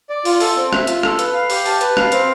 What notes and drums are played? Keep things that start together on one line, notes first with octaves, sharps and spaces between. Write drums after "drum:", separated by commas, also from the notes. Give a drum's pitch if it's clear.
D5
F4, drum: open hi-hat
A4, drum: open hi-hat
C4
E5, drum: rim click
F4, drum: hi-hat
A4, drum: rim click
B4, drum: hi-hat
F5
G4, drum: open hi-hat
A5, drum: open hi-hat
B4, drum: hi-hat
F5, drum: rim click
C4, drum: hi-hat